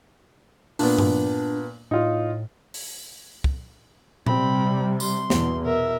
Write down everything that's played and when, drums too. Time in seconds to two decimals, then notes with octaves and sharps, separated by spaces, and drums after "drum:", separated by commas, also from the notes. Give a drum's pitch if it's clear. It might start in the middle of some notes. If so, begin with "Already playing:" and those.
0.79 A#2 B3 D4, drum: open hi-hat
0.98 drum: tom G2
1.91 A2 D#4 F4
2.74 drum: open hi-hat
3.44 drum: kick
4.26 C3 G3 C4 B5, drum: tom A#2
5.00 C6, drum: tambourine
5.30 E2 B2, drum: snare
5.65 B2 A#4 E5